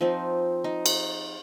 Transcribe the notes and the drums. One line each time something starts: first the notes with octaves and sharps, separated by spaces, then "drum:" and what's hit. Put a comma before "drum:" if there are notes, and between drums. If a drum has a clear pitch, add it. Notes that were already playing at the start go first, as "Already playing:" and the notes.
F3 C4 D#4
D#4
drum: cymbal